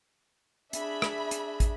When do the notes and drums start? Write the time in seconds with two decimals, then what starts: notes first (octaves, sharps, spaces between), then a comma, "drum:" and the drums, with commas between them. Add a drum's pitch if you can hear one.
0.73 D4 G#4 E5 B5, drum: hi-hat
1.02 drum: rim click
1.31 drum: hi-hat
1.60 drum: kick, hi-hat